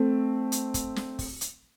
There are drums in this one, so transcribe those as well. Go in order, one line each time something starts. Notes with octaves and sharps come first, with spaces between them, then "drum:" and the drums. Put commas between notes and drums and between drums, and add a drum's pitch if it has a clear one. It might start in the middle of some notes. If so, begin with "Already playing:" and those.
Already playing: A3 C4
drum: hi-hat
drum: kick, hi-hat
drum: snare
drum: kick, open hi-hat
drum: hi-hat